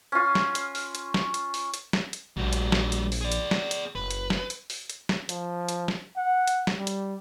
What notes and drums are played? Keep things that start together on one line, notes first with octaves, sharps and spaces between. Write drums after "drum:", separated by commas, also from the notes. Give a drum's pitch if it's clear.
C#4 F4
drum: snare
drum: hi-hat
drum: open hi-hat
drum: hi-hat
drum: snare
drum: hi-hat
drum: open hi-hat
drum: hi-hat
drum: snare
drum: hi-hat
A#1 G3 F#4
drum: hi-hat
drum: snare
drum: hi-hat
drum: open hi-hat
G#4 D5
drum: hi-hat
drum: snare
drum: hi-hat
F#1 B4
drum: hi-hat
drum: snare
drum: hi-hat
drum: open hi-hat
drum: hi-hat
drum: snare
F3, drum: hi-hat
drum: hi-hat
drum: snare
F#5
drum: hi-hat
drum: snare
G3
drum: hi-hat